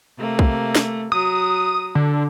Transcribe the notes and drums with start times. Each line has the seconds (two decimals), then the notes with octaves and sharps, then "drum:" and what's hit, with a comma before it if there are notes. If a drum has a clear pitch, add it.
0.17 C3 A3 A#3
0.39 drum: kick
0.75 drum: snare
1.12 F#3 D#6
1.95 D3